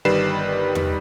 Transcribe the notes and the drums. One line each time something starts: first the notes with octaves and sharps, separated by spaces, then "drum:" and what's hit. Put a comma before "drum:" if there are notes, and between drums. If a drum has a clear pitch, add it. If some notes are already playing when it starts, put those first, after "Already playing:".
G1 D#3 G3 B4 C7 E7
drum: tom E2